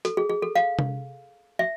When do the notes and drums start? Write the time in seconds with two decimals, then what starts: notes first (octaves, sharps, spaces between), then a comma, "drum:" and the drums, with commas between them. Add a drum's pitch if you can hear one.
0.05 A4, drum: hi-hat
0.17 G#4
0.30 G#4
0.42 A4
0.56 F5
0.79 drum: tom C3
1.59 E5